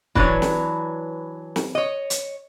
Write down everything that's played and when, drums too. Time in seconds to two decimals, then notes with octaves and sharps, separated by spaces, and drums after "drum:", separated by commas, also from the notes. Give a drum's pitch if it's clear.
0.15 E3 F#3 D4 B4 C#5, drum: kick
0.42 drum: snare
1.56 drum: snare
1.75 C#5 D#5
2.10 drum: hi-hat